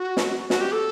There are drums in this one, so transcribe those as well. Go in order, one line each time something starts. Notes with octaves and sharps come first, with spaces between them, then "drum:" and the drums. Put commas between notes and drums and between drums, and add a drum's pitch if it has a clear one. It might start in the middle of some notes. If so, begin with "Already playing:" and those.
Already playing: F#4
drum: snare
F#4, drum: snare
G4
A4